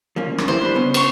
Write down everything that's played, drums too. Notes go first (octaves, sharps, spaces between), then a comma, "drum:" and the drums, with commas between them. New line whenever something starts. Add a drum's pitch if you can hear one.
F3 A#3 C#4
drum: rim click
G3 A#3 E4 C5
D4 B5
C#3 B3 C#4
C5 C#6, drum: cymbal